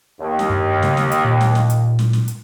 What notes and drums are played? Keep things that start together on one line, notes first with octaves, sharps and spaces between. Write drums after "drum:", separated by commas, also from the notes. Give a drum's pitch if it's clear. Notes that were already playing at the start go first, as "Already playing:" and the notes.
D#2
drum: snare
G2
C#3, drum: snare
drum: snare
drum: hi-hat
A#2
drum: snare
drum: snare
drum: hi-hat
drum: snare
drum: snare
drum: hi-hat